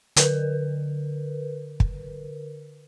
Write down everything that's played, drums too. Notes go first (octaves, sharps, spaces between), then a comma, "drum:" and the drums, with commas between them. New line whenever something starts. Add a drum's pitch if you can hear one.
D3 A#4 B4, drum: hi-hat
drum: kick